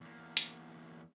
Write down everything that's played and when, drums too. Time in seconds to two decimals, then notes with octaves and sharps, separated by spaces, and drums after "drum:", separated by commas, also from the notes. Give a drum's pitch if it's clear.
0.01 E2 A#3
0.37 drum: hi-hat